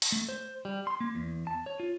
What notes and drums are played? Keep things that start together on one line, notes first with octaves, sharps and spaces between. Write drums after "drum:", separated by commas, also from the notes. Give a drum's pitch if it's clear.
drum: open hi-hat
A3
C5
G3
C6
A#3
E2
A5
C#5
F4